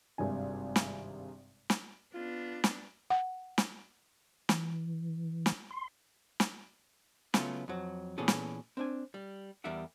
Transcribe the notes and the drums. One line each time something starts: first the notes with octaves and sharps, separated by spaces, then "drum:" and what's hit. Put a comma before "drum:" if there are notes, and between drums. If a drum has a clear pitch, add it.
G#1 G2 C3 G#5
drum: snare
drum: snare
B3 D4 F4
drum: snare
F#5
drum: snare
E3, drum: snare
drum: snare
C6
drum: snare
C#3 F#3 A3 B3 C#4 F4, drum: snare
F2 F#3
A#2 E3 B3 C#4 G#4 A4
drum: snare
C4 D4 G#5
G3
E2 G3 A#4 E5 F#5